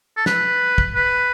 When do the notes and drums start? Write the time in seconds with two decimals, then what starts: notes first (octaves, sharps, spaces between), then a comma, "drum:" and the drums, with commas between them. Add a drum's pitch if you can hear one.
0.16 A4
0.26 B4, drum: snare
0.78 drum: kick
0.95 B4